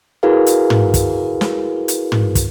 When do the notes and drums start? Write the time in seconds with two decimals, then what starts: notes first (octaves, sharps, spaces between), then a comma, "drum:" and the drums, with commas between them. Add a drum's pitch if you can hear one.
0.23 E4 F#4 G#4 A#4 B4 F5
0.46 drum: hi-hat
0.70 drum: tom
0.94 drum: kick, hi-hat
1.41 drum: snare
1.88 drum: hi-hat
2.12 drum: tom
2.35 drum: kick, hi-hat